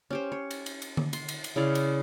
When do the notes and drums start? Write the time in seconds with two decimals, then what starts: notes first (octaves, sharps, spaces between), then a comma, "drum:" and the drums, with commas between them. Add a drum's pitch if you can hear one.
0.10 C#4 G4 C5
0.32 C#5
0.51 drum: cymbal
0.66 drum: cymbal
0.82 drum: cymbal
0.97 drum: tom D3
1.13 C6, drum: cymbal
1.29 drum: cymbal
1.44 drum: cymbal
1.56 C#3 E4 D5 F5
1.75 drum: cymbal